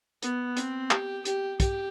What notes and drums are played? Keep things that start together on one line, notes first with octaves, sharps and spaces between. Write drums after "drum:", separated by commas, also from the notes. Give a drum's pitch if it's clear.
B3, drum: hi-hat
C4, drum: hi-hat
G4, drum: clap
G4, drum: hi-hat
G4, drum: kick, hi-hat